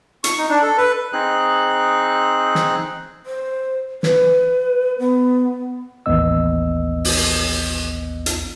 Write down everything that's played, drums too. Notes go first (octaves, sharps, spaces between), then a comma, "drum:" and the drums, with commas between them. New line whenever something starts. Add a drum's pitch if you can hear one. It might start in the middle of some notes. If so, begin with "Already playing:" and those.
C#6, drum: hi-hat
D#4
D4
A4
B4
C4 D#4 G#4 F#6
drum: snare
C5
B4, drum: snare
B3
A1 D#2 B3 D#5 E6
drum: open hi-hat
drum: hi-hat